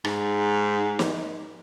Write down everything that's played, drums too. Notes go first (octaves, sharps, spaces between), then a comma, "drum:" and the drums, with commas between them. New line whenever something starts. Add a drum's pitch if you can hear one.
G#2, drum: rim click
drum: snare